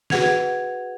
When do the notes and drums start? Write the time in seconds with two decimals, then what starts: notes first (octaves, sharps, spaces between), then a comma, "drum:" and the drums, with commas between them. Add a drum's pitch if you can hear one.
0.10 F#4 G#4 B4 F#5 G#6 F7, drum: snare